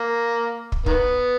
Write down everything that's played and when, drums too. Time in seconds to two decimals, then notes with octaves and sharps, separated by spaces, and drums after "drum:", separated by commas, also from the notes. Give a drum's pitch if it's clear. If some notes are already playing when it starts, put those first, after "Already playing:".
Already playing: A#3
0.72 drum: kick
0.86 D#3 B3, drum: kick